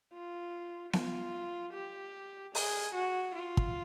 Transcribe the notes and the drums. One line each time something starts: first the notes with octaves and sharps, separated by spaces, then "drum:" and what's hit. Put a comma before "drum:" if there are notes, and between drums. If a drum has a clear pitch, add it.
F4
F4, drum: snare B3
G4
G#4, drum: open hi-hat
F#4
F4
drum: kick